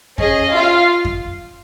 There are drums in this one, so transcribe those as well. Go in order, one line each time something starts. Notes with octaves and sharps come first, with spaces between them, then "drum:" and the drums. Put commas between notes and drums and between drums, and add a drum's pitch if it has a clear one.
C#4 G#4 D#5, drum: kick F2
F4 F5
drum: kick F2